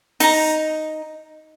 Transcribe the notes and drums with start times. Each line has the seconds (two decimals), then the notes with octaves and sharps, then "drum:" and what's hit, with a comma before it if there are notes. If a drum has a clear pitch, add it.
0.20 D#4 A#5, drum: open hi-hat